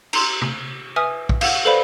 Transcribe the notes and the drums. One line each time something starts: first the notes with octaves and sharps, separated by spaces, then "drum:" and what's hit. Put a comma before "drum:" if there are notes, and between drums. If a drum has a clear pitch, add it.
A#5 C6, drum: cymbal
drum: tom
B4 E5 G#5 D#6 F6
drum: kick A#1
F5 F#5, drum: cymbal
A4 B4 C5 D5 F5 B5